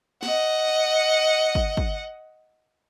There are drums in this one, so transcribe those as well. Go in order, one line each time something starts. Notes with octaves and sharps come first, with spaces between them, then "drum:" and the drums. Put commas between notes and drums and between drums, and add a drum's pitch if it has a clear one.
D#5 F#5, drum: snare
drum: kick
drum: kick